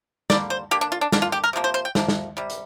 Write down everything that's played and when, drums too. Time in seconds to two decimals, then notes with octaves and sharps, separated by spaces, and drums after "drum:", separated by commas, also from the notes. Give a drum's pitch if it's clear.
0.30 D3 G3 A#3 D5, drum: snare
0.50 C5
0.71 D3 A#3 G4
0.81 D4
0.92 F4
1.01 D4
1.12 D3 A#3 D4, drum: snare
1.22 F4
1.32 G4
1.44 A#4
1.53 C3 F3 A#3
1.64 C5
1.74 C5
1.85 G5
1.95 C3 F3 A#3, drum: snare
2.08 drum: snare
2.37 C3 G3
2.50 drum: hi-hat